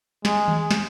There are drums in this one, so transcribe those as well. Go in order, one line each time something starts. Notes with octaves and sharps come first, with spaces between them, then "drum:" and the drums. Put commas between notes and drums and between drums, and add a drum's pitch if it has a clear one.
G#3, drum: snare
drum: tom D#3
drum: snare